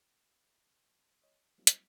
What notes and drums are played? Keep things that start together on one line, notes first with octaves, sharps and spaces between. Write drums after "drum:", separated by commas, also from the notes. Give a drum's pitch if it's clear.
C#5 D#5
F#3 G3 A#3 C4 D#4 F4
drum: hi-hat